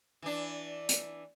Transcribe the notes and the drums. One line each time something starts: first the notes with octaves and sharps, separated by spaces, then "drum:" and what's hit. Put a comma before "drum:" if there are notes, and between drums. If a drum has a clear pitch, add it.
E3 D4
drum: hi-hat